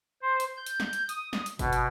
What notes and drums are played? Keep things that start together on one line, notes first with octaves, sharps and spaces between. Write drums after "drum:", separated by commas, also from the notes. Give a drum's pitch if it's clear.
C5
drum: hi-hat
G6
drum: hi-hat
drum: snare
drum: hi-hat
D#6, drum: hi-hat
drum: snare
drum: hi-hat
B2, drum: kick G1, hi-hat
drum: hi-hat